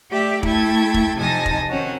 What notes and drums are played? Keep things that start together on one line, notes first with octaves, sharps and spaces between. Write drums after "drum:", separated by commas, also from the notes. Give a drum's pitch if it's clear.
A3 G4 D5 E5 G5
A3 E4 G5 A5 G#6, drum: kick
drum: kick
F2 C3 D#4 G#5 A5 A#6
drum: kick
D#3 C4 C#4 F#4